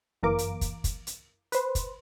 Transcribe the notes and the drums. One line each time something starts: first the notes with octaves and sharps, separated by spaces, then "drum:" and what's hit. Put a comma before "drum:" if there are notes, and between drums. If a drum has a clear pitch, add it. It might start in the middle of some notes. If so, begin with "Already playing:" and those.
G1 F#2 E3 A#3 A#4 D6
drum: hi-hat
drum: kick, hi-hat
drum: kick, hi-hat
drum: hi-hat
B4 C5, drum: hi-hat
drum: kick, hi-hat